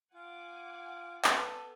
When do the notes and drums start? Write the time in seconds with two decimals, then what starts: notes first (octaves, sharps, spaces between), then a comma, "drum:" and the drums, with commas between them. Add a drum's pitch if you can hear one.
0.14 F4 F#5 G#5 D6
1.24 B3 A4 D5, drum: clap